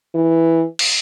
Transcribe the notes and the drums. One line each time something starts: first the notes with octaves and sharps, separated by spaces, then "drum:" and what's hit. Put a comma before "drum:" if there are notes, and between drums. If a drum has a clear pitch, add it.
E3
drum: cymbal